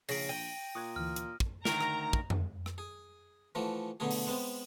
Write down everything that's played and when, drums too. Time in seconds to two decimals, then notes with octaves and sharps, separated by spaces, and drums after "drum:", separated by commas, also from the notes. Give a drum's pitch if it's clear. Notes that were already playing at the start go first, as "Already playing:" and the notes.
0.09 A#1 C#3 A#6 D7, drum: open hi-hat
0.29 G5 D#7
0.75 A#2 C#6 D#6 F#6 G#6
0.96 D2 E3 F6
1.16 drum: hi-hat
1.40 drum: kick
1.65 D2 D#3 A#4 A#5, drum: snare
1.81 drum: rim click
2.13 drum: kick
2.30 drum: tom F2
2.66 drum: rim click
2.78 G#4
3.55 E3 F3 A3 F#4
4.00 B2 D3 F#3 A3 G#4
4.11 drum: open hi-hat
4.27 G#3 B3 C4